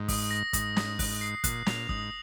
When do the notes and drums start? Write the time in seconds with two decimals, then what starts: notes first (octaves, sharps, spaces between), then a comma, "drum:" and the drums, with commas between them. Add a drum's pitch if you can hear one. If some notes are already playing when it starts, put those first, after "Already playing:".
Already playing: G#2
0.08 D#6, drum: kick, open hi-hat
0.31 A#6
0.53 G#2 D#6, drum: kick, hi-hat
0.76 D#6, drum: snare
0.99 F#6, drum: kick, open hi-hat
1.21 C7
1.44 A#2 F#6, drum: kick, hi-hat
1.66 A#2 F7, drum: snare
1.89 G#2 D#6, drum: kick